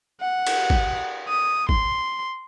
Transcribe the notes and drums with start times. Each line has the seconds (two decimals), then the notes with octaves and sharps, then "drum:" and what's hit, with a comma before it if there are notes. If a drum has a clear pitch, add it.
0.21 F#5
0.47 drum: cymbal
0.70 drum: kick G#1
1.28 D#6
1.69 C6, drum: kick G#1